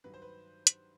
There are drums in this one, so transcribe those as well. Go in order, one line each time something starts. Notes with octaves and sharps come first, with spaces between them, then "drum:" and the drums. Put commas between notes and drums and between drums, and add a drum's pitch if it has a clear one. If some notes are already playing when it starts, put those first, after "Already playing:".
G2 D#3 F#3 B4
C5
B4
drum: hi-hat